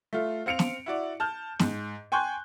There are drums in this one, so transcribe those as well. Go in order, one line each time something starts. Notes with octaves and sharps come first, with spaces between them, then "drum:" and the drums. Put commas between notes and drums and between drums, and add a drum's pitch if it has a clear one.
A3 F4
C4 F5 C#7 D7 F7
drum: snare
E4 F#4 D5
A5 F6 G6
G#2, drum: snare
G5 G#5 C6 C#6 F#6 G6